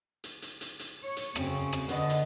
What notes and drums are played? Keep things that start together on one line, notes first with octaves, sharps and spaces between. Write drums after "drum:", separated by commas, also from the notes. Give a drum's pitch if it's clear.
drum: hi-hat
drum: hi-hat
drum: hi-hat
drum: hi-hat
C#5
drum: hi-hat
F#2 C#3 C4, drum: rim click
drum: rim click
D3 B4 D#5 F#5, drum: hi-hat
drum: hi-hat